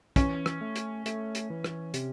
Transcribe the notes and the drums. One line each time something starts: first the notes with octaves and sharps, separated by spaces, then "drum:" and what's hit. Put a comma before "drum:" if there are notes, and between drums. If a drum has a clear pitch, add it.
E3 C#4, drum: kick, hi-hat
drum: rim click
A3
drum: hi-hat
A3, drum: hi-hat
drum: hi-hat
E3
drum: rim click
C3, drum: hi-hat